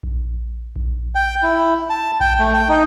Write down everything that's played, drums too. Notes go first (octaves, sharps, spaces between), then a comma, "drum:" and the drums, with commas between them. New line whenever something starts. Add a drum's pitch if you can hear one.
drum: kick A#1
drum: kick A#1
G5
E4
A5
G5, drum: kick A#1
A3
G5
D#4